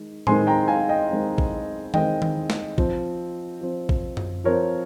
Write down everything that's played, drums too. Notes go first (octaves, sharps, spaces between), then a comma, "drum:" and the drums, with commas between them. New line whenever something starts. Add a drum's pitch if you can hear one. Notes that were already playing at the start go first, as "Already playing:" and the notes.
Already playing: D#3 G#3
D#3 G#3 C4 G#5 C6, drum: tom A2
G5 A#5
F5 G#5
D#5 G5
D#3 G#3 C4
drum: kick A1
D#3 G#3 C4 D#5 G5, drum: tom D#3
drum: tom D#3
drum: snare
F3 C4, drum: kick A1
F3 C4
drum: kick A1
drum: tom F#2
F3 C4 A#4 C#5